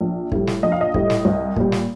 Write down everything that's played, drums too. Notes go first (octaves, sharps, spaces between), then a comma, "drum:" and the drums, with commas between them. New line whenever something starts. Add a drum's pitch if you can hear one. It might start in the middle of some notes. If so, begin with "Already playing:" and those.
A#1
A2 G3, drum: kick
drum: snare
A#1 D#5
F5
D#5
A2 G3, drum: kick
drum: snare
C2
A#2 G3, drum: kick
drum: snare